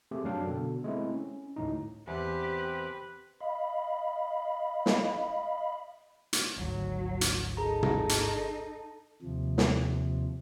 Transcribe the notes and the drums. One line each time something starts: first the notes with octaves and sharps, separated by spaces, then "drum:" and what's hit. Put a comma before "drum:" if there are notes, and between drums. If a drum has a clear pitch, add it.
A3 C4 G4 G#4
F#2 F#3 D4 F5 G5
B2 D3 A4
G#3 A3 C4 E4
C#4
D2 A2 D#4
E2 C4 G4 B4 C5
D#5 F5 B5
drum: snare
drum: hi-hat
G#1 D2 F#3
drum: hi-hat
D#4 G#4 A4 A#5
drum: tom
drum: hi-hat
D#2 C3 F3
drum: snare